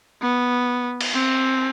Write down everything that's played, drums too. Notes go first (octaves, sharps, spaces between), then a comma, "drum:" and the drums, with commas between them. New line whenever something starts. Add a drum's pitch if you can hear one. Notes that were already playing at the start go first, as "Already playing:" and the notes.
B3
drum: cymbal
C4